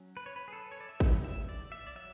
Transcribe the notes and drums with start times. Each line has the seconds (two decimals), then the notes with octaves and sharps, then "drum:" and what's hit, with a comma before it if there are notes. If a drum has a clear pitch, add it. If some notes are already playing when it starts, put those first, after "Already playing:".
Already playing: F#3 C#4
0.17 B4
0.26 C#5
0.36 B4
0.48 G#4
0.53 A4
0.72 C#5
0.80 D5
0.89 E5
1.00 drum: kick
1.24 E5
1.49 D5
1.72 E5
1.87 D5
1.96 F#3 E5